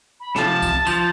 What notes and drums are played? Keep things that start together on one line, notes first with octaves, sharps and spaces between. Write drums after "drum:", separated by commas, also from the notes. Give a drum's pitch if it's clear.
B5
C3 F3 A5, drum: snare
drum: kick C2, tambourine
F3, drum: tambourine